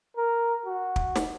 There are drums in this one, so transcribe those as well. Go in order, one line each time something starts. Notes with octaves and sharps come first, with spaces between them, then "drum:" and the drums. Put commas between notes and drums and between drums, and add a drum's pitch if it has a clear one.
A#4
F#4
drum: kick
drum: snare